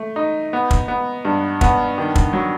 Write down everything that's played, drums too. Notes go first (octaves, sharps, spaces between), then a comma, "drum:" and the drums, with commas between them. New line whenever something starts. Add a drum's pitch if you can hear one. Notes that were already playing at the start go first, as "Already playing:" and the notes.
Already playing: A3
D#4
B3
drum: kick
B3
G2
B3, drum: kick
D#3
drum: kick
F#3